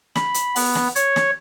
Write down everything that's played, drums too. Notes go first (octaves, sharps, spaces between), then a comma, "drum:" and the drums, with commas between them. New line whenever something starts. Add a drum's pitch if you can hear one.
B5, drum: snare
drum: hi-hat
B3, drum: open hi-hat
drum: snare
C#5, drum: hi-hat
drum: snare